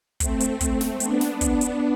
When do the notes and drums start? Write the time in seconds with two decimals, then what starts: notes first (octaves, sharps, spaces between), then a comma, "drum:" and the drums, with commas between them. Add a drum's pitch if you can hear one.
0.20 A3 C4, drum: kick, hi-hat
0.40 drum: hi-hat
0.61 drum: kick, hi-hat
0.81 drum: snare
1.00 B3 D4, drum: hi-hat
1.21 drum: snare
1.41 drum: kick, hi-hat
1.61 drum: hi-hat